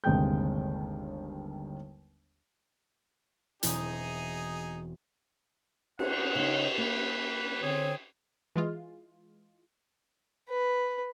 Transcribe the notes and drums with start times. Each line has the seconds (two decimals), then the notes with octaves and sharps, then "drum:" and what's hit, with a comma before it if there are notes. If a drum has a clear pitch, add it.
0.04 G1 D#2 C3 G#3 G5 G6
3.63 E1 C4 D#4 E4 G#4, drum: hi-hat
5.99 F#5, drum: cymbal
6.35 C#3 D#4
6.78 A#3 B4
7.63 D3 C4 G#4 C#5
8.56 E3 G#3 F4
10.49 B4